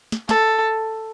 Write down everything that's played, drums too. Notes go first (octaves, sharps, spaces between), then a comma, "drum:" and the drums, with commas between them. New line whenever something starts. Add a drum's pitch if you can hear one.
drum: snare
A4, drum: snare